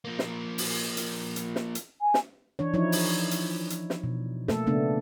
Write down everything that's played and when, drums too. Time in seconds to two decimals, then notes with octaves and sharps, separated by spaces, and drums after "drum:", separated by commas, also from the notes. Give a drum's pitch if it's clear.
0.05 F3 A#3
0.19 drum: snare
0.58 drum: open hi-hat
0.97 drum: hi-hat
1.36 drum: hi-hat
1.56 drum: snare
1.75 drum: hi-hat
2.02 G#5
2.14 drum: snare
2.59 E3 D4 C#5
2.74 F3 D#4 E4 C#5
2.92 drum: open hi-hat
3.31 drum: hi-hat
3.70 drum: hi-hat
3.90 drum: snare
4.04 B2
4.48 A3 A#3 A4, drum: snare
4.66 C#3 A3 B3 D4